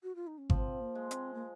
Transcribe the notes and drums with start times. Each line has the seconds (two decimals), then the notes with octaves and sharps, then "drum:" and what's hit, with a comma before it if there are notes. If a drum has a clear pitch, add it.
0.03 F#4
0.16 F4
0.27 D#4
0.38 C#4
0.50 F3 C4, drum: kick G#1
0.80 A#3
0.95 G#3
1.11 C4, drum: hi-hat
1.34 A#3